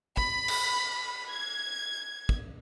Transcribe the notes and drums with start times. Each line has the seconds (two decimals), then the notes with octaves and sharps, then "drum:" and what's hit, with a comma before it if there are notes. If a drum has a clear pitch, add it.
0.17 B5, drum: kick
0.48 drum: cymbal
1.30 G#6
2.29 drum: kick